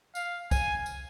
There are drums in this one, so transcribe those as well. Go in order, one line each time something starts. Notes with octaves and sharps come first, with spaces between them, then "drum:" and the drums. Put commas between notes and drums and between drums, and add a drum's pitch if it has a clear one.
F5, drum: tambourine
G#5, drum: kick C2, tambourine
drum: tambourine